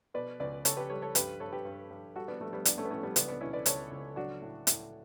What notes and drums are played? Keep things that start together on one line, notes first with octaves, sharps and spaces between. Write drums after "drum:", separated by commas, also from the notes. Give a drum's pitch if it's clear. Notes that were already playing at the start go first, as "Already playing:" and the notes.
B2 B4 D5
C#2 B4 D5
C#2 A4 C#5, drum: hi-hat
G4 B4
G3 A4 C#5
A4 C#5
G2 G4 B4, drum: hi-hat
G2 A4 C#5
G4 B4
G2
G2
G3 F#4 A4
B3 D4
G3 A3
G3 B3
G3 B3 D4, drum: hi-hat
A3 C#4
B3
A2 A3 C#4
G3 B3
C#2 B3 D4, drum: hi-hat
B3 D4
B2 C#4 E4
B4 D5
C#2 A4 C#5, drum: hi-hat
C#2
F#3 D4 F#4
A2
A2, drum: hi-hat